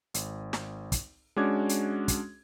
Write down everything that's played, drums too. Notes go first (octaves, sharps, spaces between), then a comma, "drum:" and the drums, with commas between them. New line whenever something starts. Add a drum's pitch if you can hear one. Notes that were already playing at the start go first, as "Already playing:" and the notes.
G#1, drum: hi-hat
drum: snare
drum: kick, hi-hat
G#3 C#4 D4 F#4 D6 G#6
drum: hi-hat
drum: kick, hi-hat